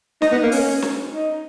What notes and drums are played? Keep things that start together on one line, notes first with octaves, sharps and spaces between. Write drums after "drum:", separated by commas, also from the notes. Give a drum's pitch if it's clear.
D#4, drum: snare
B3
A#3
C#4, drum: open hi-hat
drum: snare
D#4